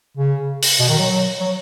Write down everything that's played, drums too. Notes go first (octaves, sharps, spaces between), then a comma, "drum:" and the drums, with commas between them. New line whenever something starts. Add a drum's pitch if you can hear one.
C#3
drum: open hi-hat
B2
D#3
F#3
F#3
F#3